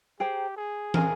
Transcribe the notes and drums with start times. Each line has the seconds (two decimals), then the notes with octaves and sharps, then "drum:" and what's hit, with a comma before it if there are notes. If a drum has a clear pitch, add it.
0.20 G4 G#4 C5 G5 A#5
0.57 G#4
0.94 A#4 F5 G#5, drum: tom